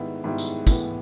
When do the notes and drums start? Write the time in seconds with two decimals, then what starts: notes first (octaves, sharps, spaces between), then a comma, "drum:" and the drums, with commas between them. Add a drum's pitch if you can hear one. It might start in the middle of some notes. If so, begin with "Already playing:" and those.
Already playing: G#2 D#3 G3 B3 E4
0.24 G#2 D#3 G3 B3 E4
0.38 drum: tambourine
0.67 A2 E3 G#3 B3, drum: kick, tambourine